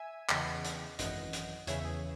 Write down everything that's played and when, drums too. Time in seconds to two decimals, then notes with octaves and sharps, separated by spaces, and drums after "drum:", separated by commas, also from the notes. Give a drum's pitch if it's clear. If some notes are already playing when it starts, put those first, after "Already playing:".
Already playing: E5 G#5
0.29 E2 C#3 E3 D#5 F#5, drum: clap
0.64 drum: hi-hat
0.99 G#1 F#2 E3 D#5 F#5, drum: hi-hat
1.33 drum: hi-hat
1.67 E2 C#3 E3 C#5 E5, drum: hi-hat
1.85 G#4